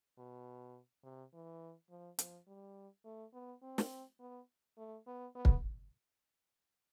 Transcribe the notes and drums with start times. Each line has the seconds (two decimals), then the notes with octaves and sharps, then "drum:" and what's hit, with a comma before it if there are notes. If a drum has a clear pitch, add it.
0.18 B2
1.04 C3
1.33 E3
1.90 F3
2.19 F3, drum: hi-hat
2.48 G3
3.05 A3
3.34 B3
3.63 C4
3.78 drum: snare
4.20 B3
4.78 A3
5.07 B3
5.35 B3
5.45 drum: kick